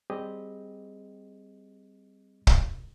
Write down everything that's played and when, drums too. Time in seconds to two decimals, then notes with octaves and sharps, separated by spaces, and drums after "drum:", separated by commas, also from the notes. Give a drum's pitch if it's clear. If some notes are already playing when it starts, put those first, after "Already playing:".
0.10 G3 C4 G4 G#4 D#5
2.47 drum: kick